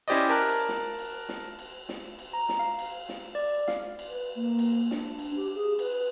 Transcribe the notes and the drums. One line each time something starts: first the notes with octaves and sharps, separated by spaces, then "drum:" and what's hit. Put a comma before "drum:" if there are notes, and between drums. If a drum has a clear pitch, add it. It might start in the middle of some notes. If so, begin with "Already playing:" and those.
C#4 E4 G4 C5 D5 D#5
A#4 A5 F#6
drum: cymbal
drum: snare
drum: cymbal
drum: snare
drum: cymbal
drum: snare
drum: cymbal
A#5
drum: snare
F5
drum: cymbal
drum: snare
D5
F5, drum: snare
drum: cymbal
B4
A#3
drum: cymbal
D4, drum: snare
drum: cymbal
G4
G#4
B4, drum: cymbal